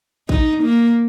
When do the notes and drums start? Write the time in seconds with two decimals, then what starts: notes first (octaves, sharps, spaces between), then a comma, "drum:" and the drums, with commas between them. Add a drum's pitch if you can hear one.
0.29 D#4, drum: kick G#1
0.63 A#3